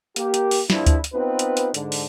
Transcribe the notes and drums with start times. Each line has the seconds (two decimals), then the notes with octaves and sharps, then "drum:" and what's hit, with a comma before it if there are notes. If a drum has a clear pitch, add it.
0.16 A#3 G4, drum: hi-hat
0.34 drum: hi-hat
0.51 drum: open hi-hat
0.70 A#1 G2 F3 G3 D4 E4, drum: snare
0.86 drum: kick D2, hi-hat
1.04 drum: hi-hat
1.14 B3 C4 D#4 F4 B4
1.39 drum: hi-hat
1.57 drum: hi-hat
1.74 G#2 D3, drum: hi-hat
1.92 drum: open hi-hat